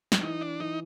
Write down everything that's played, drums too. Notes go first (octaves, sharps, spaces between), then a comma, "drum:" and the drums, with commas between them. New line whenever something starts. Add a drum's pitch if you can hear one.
drum: snare
E3 D#4
D4
E3 D#4